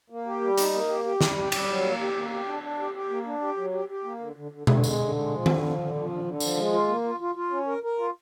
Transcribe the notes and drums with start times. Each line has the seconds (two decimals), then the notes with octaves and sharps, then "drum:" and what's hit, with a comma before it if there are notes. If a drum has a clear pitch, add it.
0.10 A#3
0.26 G4
0.41 G3
0.58 D#4, drum: hi-hat
0.74 A#3
0.88 G4
1.04 G4
1.21 G3, drum: snare
1.36 G4
1.52 G3, drum: cymbal
1.68 F#3
1.83 A#3
2.00 G4
2.15 A#3
2.31 G4
2.47 D4
2.62 D4
2.79 G4
2.94 G4
3.09 A#3
3.26 D4
3.41 G4
3.57 F#3
3.73 G4
3.89 G4
4.04 A#3
4.20 D3
4.35 D3
4.52 D3
4.67 D3, drum: tom B2
4.84 G#3, drum: tambourine
4.99 D3
5.15 G#3
5.30 F3
5.46 D3, drum: tom D#3
5.62 F3
5.78 D3
5.94 F3
6.09 D3
6.25 D3
6.40 F3, drum: tambourine
6.57 G#3
6.73 F4
6.87 A#3
7.04 F4
7.20 F4
7.35 F4
7.50 C#4
7.67 A#4
7.83 A#4
7.98 F4